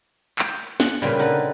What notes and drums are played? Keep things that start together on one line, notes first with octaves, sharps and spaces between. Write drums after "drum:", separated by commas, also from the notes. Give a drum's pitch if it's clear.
G5 C6, drum: clap
F#5, drum: snare
A#2 C#3 G3 C4 B4
D3 D#4 B4